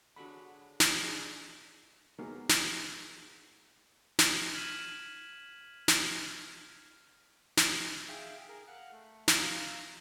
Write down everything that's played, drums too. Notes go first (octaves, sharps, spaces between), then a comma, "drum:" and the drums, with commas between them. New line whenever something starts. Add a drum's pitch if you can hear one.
D3 F#3 G#3 F#4 B5
drum: snare
D4 D#4 G#4
D#3 F#3 G#3 A#3 B3 A#4
drum: snare
drum: snare
F6 G#6 B6 D#7 E7 F#7
drum: snare
drum: snare
G#4 E5 F5 G5
G#4 A#4
F5 F#5 F6 F#6
A3
F5 A#5 E6, drum: snare